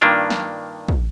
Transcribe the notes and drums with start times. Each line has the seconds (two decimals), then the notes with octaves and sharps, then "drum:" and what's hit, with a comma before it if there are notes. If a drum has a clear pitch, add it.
0.01 G2 D#3 A#3 D4 F4
0.30 drum: snare
0.88 drum: kick